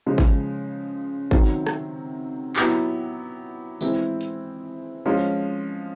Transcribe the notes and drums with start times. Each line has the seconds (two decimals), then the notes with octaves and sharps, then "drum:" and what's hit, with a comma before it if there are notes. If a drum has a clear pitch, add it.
0.06 C#3 F3 G#3
0.18 drum: kick G#1
1.31 C3 D#3 F#3, drum: kick G#1
1.67 drum: rim click
2.56 F#3 B3 E4 G4, drum: clap
3.81 E3 G#3 C4 E4, drum: tambourine
4.21 drum: hi-hat
5.05 F3 G#3 C#4 F4